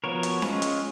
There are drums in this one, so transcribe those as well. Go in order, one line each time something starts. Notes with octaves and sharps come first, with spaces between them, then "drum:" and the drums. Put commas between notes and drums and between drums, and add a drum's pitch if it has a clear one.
F3 B3 F#4 A#4 C#5
drum: hi-hat
G#3 C#4 F4, drum: snare C#4
drum: hi-hat